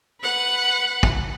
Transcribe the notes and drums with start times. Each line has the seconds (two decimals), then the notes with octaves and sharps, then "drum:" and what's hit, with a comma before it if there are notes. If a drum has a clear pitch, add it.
0.21 B4 F#5
1.03 drum: kick